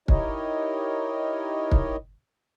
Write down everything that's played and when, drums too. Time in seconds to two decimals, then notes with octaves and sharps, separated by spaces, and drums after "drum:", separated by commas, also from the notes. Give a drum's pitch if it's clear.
0.08 D#4 E4 G4 A#4 C#5 D#5, drum: kick
1.72 drum: kick